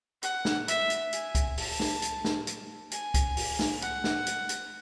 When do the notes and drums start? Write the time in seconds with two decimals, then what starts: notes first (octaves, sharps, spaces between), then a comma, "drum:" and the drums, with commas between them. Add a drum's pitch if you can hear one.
0.23 F#5, drum: hi-hat
0.45 drum: snare
0.68 E5, drum: hi-hat
0.90 drum: hi-hat
1.13 G#5, drum: hi-hat
1.35 drum: kick C#2, hi-hat
1.57 A5, drum: open hi-hat
1.80 drum: snare
2.02 drum: hi-hat
2.25 drum: snare
2.47 drum: hi-hat
2.91 G#5, drum: hi-hat
3.14 drum: kick C#2, hi-hat
3.37 drum: open hi-hat
3.59 drum: snare
3.82 F#5, drum: hi-hat
4.04 drum: snare
4.26 drum: hi-hat
4.49 drum: hi-hat